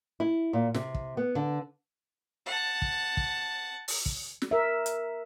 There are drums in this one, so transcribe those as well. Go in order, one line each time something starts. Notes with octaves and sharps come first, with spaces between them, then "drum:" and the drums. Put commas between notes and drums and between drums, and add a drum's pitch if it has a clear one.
E4
A#2
C3, drum: snare
drum: kick
B3
D3
F#5 A5
drum: kick
drum: kick
drum: open hi-hat
drum: kick
drum: snare
A#4 E5
drum: hi-hat